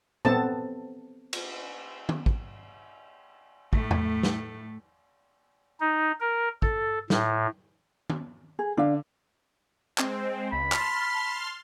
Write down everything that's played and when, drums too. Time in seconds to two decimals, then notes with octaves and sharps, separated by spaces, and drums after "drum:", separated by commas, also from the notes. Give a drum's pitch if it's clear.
0.25 B3 C4 A4 C5 A5, drum: tom A#2
1.33 drum: cymbal
2.09 drum: tom D#3
2.26 drum: kick
3.73 A2 A3, drum: kick
3.91 drum: tom E2
4.23 drum: snare
5.80 D#4
6.20 A#4
6.62 A4, drum: kick
7.10 A2, drum: snare
8.10 drum: tom D#3
8.59 G#4
8.77 D3 D4 F5
9.98 G#3 C4, drum: clap
10.52 C#2 B5
10.72 A5 C6 F6, drum: clap